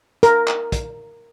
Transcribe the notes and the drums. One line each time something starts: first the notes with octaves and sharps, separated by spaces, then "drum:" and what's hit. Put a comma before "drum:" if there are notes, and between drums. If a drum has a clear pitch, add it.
A#4, drum: hi-hat
drum: clap
drum: kick, hi-hat